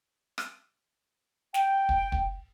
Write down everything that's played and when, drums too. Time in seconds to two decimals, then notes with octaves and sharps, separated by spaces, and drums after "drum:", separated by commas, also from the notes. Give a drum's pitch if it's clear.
0.38 drum: rim click
1.54 G5, drum: snare
1.89 drum: kick
2.12 drum: kick